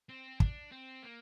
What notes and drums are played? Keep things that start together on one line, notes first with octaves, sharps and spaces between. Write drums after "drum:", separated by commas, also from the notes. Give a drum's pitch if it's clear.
C4
D4, drum: kick
C4
A#3